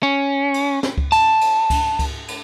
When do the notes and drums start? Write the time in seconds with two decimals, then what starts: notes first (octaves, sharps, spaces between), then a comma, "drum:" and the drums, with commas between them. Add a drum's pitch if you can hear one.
0.03 C#4
0.54 drum: cymbal
0.83 drum: snare
0.98 drum: kick C#2
1.12 A5, drum: cymbal
1.41 drum: cymbal
1.70 drum: kick C#2, cymbal
1.99 drum: kick C#2, cymbal
2.28 drum: cymbal